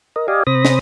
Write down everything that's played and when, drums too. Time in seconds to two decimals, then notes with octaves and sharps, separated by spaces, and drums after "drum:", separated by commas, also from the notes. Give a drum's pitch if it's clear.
0.16 A#4 D#5
0.28 G4 D5 D#5 F5 G#5
0.47 C3 C5 B5 D#6 A#6
0.65 drum: snare